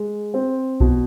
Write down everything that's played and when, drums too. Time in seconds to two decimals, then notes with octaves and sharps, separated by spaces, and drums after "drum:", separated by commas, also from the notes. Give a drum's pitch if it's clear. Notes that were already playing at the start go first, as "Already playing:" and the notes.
Already playing: G#3
0.34 C4
0.80 B2, drum: kick B1